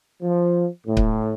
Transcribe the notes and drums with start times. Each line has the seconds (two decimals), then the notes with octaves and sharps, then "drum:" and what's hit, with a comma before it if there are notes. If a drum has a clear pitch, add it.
0.22 F3
0.87 A2
0.97 drum: kick C#1